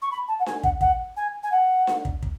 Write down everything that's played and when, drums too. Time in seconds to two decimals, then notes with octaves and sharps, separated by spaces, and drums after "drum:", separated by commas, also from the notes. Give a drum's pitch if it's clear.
0.02 C#6
0.11 B5
0.28 A5
0.39 F#5
0.46 G#5, drum: snare D4
0.63 F#5, drum: kick
0.81 F#5, drum: kick
1.17 G#5
1.43 G#5
1.52 F#5
1.87 drum: snare D4
2.05 drum: kick
2.23 drum: kick